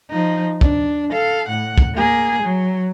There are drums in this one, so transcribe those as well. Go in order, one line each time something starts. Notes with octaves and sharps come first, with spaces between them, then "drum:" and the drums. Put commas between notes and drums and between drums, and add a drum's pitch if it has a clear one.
F3 D#4
D4, drum: kick
A4 F5
A2 F#5
drum: kick
A#3 G#4
F#3